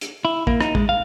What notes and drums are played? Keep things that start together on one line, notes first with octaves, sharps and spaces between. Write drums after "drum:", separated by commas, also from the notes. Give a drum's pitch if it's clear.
drum: hi-hat
E4
A#3, drum: kick
D#4, drum: rim click
G#3, drum: kick
F5